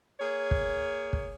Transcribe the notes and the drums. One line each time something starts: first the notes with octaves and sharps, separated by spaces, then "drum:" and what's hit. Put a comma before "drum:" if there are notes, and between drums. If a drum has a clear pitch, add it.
A#3 G#4 C#5
drum: kick
drum: kick